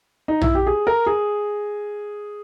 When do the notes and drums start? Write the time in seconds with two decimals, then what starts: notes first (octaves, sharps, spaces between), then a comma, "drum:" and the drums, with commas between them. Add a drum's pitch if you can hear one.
0.28 D#4
0.41 E4, drum: tom A#1
0.55 G4
0.67 G#4
0.87 A#4
1.07 G#4